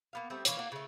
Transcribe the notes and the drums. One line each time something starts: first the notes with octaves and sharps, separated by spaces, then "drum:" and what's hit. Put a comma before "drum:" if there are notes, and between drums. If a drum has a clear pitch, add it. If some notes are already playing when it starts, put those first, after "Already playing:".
A#3 B3 F5
G3 A3 B3 C4
E3 A#3 C#4 C#5, drum: hi-hat
A#3 F#5
C#3 A3